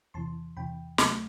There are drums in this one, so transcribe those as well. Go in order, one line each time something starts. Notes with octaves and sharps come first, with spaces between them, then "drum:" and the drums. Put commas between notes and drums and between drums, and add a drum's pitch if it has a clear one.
E2 C3 E3 A5 C6
E2 C3 E3 G5 B5
D2 C3 F#3 A3, drum: snare